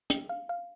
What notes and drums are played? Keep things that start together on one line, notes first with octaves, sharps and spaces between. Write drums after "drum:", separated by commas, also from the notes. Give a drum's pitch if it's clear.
G5, drum: hi-hat
F5
F5